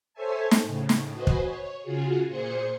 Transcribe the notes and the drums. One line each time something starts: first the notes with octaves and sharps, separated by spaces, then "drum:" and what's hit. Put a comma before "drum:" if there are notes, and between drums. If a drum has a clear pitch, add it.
A4 C5 C#5 E5 G#5 A5
drum: snare
A2 C#3
drum: snare
F#4 B4 C5 D#5 G#5
drum: kick
C#5
C#3 F4 F#4 G#4
A#2 G#4 C5 C#7